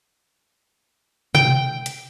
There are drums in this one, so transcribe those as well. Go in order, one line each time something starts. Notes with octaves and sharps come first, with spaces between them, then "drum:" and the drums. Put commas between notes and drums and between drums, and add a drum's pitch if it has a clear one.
G5, drum: tom C3
drum: hi-hat